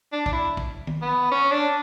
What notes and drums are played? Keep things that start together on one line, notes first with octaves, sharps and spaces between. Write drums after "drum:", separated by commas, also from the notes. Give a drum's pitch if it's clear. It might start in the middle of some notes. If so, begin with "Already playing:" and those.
D4
D4, drum: kick A1
E4
drum: kick A1
drum: tom
B3
C#4
D4